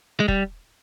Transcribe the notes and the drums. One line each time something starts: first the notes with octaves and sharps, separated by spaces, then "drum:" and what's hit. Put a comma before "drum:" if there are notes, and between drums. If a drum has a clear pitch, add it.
G#3
G3, drum: kick